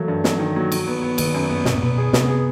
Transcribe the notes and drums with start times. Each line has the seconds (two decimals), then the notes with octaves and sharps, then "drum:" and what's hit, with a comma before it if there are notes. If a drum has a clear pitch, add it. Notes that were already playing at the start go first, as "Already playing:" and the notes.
Already playing: E3 F#3 A3 A#3
0.08 G2
0.24 F#3, drum: snare
0.39 D#3
0.56 F#3
0.72 F#3, drum: cymbal
0.87 B3
1.02 B3
1.18 D#3 B3, drum: cymbal
1.34 F#2
1.50 B3
1.65 B2 B3, drum: snare
1.74 A#2
1.82 B2 B3
1.97 G#4
2.13 C3 B3, drum: snare
2.28 G#4